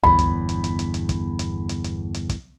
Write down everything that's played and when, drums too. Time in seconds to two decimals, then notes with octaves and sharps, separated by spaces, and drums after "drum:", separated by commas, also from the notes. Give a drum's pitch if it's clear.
0.03 G1 E2 B5, drum: tom D2
0.19 drum: hi-hat
0.49 drum: hi-hat
0.64 drum: hi-hat
0.79 drum: hi-hat
0.94 drum: hi-hat
1.09 drum: kick, hi-hat
1.39 drum: hi-hat
1.69 drum: hi-hat
1.84 drum: hi-hat
2.14 drum: hi-hat
2.29 drum: kick, hi-hat